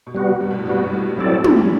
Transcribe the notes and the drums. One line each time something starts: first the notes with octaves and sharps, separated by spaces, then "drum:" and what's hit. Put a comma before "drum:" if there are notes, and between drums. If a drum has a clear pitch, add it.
B2
C3 G3 B3 F#4
G2
B2
A2
G2 G3 B3 F#4
G2
A2
G2 F#3 C4 E4 A4 D5
A2
G3, drum: tom
E3